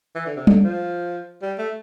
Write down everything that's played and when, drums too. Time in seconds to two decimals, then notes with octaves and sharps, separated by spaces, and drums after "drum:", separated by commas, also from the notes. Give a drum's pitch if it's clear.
0.15 E3
0.26 D3
0.36 C3
0.47 D3, drum: tom G3
0.63 F3
1.42 G3
1.58 A3